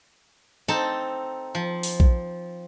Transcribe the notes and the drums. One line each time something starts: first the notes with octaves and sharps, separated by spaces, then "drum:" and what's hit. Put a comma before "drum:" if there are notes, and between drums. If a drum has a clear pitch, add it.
C4 D#4 A4 A5
F3
drum: open hi-hat
drum: kick A#1